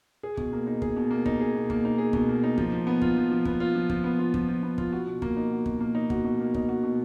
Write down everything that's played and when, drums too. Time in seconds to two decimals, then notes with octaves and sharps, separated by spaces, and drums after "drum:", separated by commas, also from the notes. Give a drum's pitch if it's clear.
0.23 G#4
0.37 B2, drum: kick
0.53 A#3
0.67 D#4
0.82 G#4, drum: kick
0.96 B2
1.11 A#3
1.26 D#4, drum: kick
1.41 G#4
1.54 B2
1.70 A#3, drum: kick
1.85 D#4
1.98 G#4
2.13 B2, drum: kick
2.29 A#3
2.44 D#4
2.58 F3, drum: kick
2.72 F3
2.87 B3
3.02 F4, drum: kick
3.16 F3
3.31 F3
3.45 B3, drum: kick
3.60 F4
3.75 F3
3.90 F3, drum: kick
4.04 B3
4.19 F4
4.34 F3, drum: kick
4.48 F3
4.63 B3
4.78 F4, drum: kick
4.93 F#4
5.07 B2
5.22 A#3, drum: kick
5.36 D#4
5.51 F#4
5.66 B2, drum: kick
5.80 A#3
5.95 D#4
6.10 F#4, drum: kick
6.24 B2
6.40 A#3
6.54 D#4, drum: kick
6.69 F#4
6.83 B2